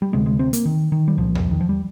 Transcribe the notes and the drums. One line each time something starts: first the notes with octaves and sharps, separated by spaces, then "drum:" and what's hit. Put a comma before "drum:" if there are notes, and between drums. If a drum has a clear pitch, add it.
G3
D2 C3 G#3
G#3
C4
A#3, drum: hi-hat
D#3
D#3
G3
C2 A#2 F3
drum: tom E2
D#3
F3
G3